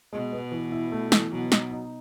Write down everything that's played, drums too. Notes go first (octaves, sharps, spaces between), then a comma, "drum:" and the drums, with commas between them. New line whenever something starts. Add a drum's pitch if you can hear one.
B2 G#3
B3
E3
E4
A3
E3, drum: snare
B2 F#3
D#4, drum: snare
D#4